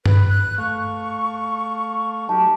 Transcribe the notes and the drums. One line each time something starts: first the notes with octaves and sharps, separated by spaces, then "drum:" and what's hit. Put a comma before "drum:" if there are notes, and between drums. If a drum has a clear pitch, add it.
B4, drum: tom G2
F#6
A3 F5 C#6
F#3 D#4 G4 A5